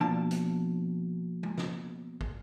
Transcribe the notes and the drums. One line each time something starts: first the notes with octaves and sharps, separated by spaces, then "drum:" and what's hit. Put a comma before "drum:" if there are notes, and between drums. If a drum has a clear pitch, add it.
B2 F3 A#3 D4 A5
drum: hi-hat
drum: tom
drum: snare
drum: kick